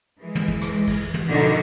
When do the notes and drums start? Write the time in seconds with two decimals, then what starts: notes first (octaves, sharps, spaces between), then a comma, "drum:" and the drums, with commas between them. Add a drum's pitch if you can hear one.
0.22 E3 G#3
0.35 drum: tom
0.48 drum: kick
0.61 drum: rim click
0.88 drum: kick, cymbal
1.14 drum: tom
1.29 B2 D3 D#3 F3 D#4 F#4
1.40 drum: tom